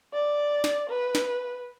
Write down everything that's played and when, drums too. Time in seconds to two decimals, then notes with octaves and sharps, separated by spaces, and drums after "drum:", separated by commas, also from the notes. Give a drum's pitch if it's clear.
0.13 D5
0.64 drum: snare
0.89 B4
1.15 drum: snare